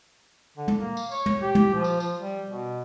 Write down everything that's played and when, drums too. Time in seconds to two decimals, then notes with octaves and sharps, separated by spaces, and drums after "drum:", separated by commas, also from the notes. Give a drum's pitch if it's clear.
0.57 D3
0.68 drum: tom
0.77 A#3
0.97 drum: tambourine
1.11 C#5, drum: tambourine
1.26 drum: tom
1.42 G4
1.55 drum: tom
1.74 F3
1.84 drum: tambourine
2.00 F3, drum: tambourine
2.19 G3
2.48 B2